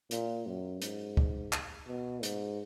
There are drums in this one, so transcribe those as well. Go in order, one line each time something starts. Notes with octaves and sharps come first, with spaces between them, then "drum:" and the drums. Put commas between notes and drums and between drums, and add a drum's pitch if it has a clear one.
A#2, drum: hi-hat
F#2
G#2, drum: hi-hat
drum: kick C#2
drum: clap
B2
G#2, drum: hi-hat